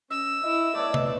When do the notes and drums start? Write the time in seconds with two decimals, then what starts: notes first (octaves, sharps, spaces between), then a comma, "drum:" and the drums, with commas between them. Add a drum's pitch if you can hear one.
0.11 C#4 D#5 E6
0.43 E4 D#5 E5
0.75 A3 B3 C#5 D5
0.94 drum: tom C3